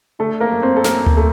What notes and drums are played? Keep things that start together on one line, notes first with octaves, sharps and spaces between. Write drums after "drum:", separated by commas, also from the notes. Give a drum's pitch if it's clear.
D3 A3 A4
A#3 A#4
F#2
C4 C5
A4
F#2 A#3 A#4, drum: snare
drum: tom D2
A3 A4